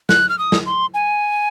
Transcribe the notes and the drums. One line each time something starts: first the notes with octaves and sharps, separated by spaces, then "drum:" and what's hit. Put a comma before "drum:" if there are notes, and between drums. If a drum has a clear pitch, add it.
F#6, drum: snare
F6
D#6
drum: snare
C6
G#5